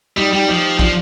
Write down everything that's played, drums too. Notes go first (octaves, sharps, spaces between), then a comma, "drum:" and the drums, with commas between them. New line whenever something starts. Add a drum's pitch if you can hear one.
G3 D#4 G4
G3 D#4 G4
F3 D#4 G4
F3 D4 F4, drum: kick